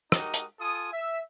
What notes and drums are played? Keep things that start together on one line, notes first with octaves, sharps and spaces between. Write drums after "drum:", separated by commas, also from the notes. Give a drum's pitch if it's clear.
G#3 D#4 F#4 G4 A#4 D#6, drum: rim click
drum: hi-hat
F4 A4 G#5 D#6
E5